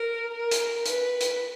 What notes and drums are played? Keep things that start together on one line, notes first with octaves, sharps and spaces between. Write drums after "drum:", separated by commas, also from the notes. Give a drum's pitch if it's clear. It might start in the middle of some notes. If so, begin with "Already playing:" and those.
Already playing: A#4
A#4
drum: hi-hat
B4, drum: hi-hat
drum: hi-hat